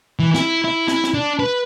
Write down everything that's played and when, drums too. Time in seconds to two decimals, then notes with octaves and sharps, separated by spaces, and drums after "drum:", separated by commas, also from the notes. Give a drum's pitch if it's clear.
0.19 E3
0.35 E4, drum: snare
0.64 E4
0.88 E4, drum: snare
1.04 drum: snare
1.14 D4
1.39 B4